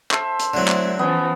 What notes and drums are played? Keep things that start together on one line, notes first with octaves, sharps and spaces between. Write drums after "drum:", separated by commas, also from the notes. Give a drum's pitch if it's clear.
C5 E5 A5, drum: clap
drum: hi-hat
D3 F#3 A3 C4 E4
drum: clap
E3 F3 B3 C#4